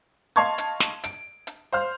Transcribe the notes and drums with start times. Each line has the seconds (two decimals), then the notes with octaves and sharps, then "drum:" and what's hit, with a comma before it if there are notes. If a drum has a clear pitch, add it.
0.36 D#5 F5 A5 C6 C#6 G#6
0.58 drum: hi-hat
0.80 drum: snare
1.04 D7, drum: hi-hat
1.47 drum: hi-hat
1.72 C5 F5 C6 F6